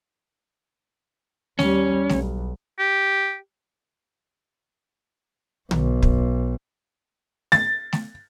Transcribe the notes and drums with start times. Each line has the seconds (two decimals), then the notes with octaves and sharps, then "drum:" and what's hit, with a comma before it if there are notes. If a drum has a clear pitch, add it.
1.59 D#2 G3 C#4, drum: snare A3
2.09 B1, drum: snare A3
2.79 G4
5.71 B1, drum: tom D3
6.03 drum: kick
7.52 A6, drum: snare A3
7.93 drum: snare A3